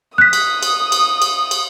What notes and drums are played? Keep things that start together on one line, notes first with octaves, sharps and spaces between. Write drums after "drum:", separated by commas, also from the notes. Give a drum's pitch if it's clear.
D#6 F#6 B6
drum: cymbal
drum: cymbal
drum: cymbal
drum: cymbal
drum: cymbal